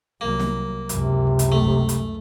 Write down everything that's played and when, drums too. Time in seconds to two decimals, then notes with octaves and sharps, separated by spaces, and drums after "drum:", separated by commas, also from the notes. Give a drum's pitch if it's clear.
0.21 C2 F#3 A#3
0.40 drum: snare
0.89 C#2 F#2 C3, drum: hi-hat
1.39 drum: hi-hat
1.52 A3
1.64 drum: kick
1.89 drum: hi-hat